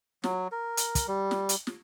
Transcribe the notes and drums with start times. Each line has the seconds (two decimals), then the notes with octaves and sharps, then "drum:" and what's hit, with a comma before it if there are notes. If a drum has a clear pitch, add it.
0.24 F#3, drum: snare
0.52 A#4
0.77 drum: hi-hat
0.95 drum: kick, hi-hat
1.08 G3
1.31 drum: snare
1.49 drum: hi-hat
1.67 drum: snare